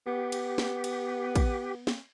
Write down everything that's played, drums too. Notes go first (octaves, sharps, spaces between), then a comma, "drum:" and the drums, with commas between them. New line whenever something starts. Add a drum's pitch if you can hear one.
B3 G4
drum: cymbal
drum: snare
drum: cymbal
drum: kick, cymbal
drum: snare